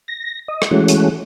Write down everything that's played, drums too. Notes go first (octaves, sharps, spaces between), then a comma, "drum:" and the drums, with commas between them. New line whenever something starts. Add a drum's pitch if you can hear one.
A#6
D#5
drum: rim click
E3 G#3 A3 C#4 F#4
drum: hi-hat